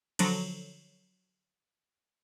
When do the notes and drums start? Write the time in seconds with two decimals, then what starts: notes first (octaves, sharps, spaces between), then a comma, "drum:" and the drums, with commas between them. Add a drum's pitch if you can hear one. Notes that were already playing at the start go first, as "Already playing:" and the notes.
0.19 D3 F3 F#3, drum: cymbal